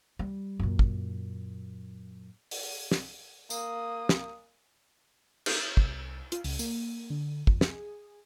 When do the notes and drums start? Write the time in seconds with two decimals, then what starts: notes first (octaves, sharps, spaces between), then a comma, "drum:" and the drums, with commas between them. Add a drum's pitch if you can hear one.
0.19 G3
0.59 F#2 A#2
0.79 drum: kick
2.51 drum: open hi-hat
2.92 drum: snare
3.50 A#3 D#6, drum: tambourine
4.09 drum: snare
5.46 drum: cymbal
5.77 C2, drum: kick
6.32 F4, drum: hi-hat
6.44 C#2, drum: open hi-hat
6.59 A#3, drum: tambourine
7.10 D3
7.47 F2, drum: kick
7.61 G#4, drum: snare